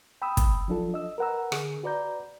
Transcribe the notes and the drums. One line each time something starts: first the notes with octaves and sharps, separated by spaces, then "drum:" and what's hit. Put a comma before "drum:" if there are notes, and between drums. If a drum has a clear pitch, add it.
G5 B5 D#6 E6
drum: kick, hi-hat
F3 F#3 D4 F4 A4
D#5 E6
A#4 B4 F#5 A#5 E6
D3 G#4, drum: rim click
F#4 B4 D5 A#5 G6